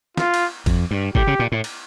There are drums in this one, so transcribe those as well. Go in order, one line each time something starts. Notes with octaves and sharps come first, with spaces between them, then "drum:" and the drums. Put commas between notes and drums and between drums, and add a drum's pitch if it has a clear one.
F4, drum: snare
drum: cymbal
F2, drum: kick G1, cymbal
G2
A2 G4, drum: kick G1
C#3
A#2
A2
drum: cymbal